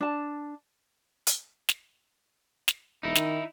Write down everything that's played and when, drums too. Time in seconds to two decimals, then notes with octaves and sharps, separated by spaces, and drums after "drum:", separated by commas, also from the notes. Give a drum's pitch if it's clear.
0.01 D4 A5
1.27 drum: hi-hat
1.69 drum: snare
2.68 drum: snare
3.03 E1 D#4 E4
3.15 D#3, drum: snare